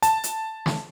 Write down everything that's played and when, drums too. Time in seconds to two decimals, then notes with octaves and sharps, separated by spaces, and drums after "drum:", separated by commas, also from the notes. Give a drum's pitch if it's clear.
0.02 A5, drum: hi-hat
0.24 drum: hi-hat
0.66 drum: snare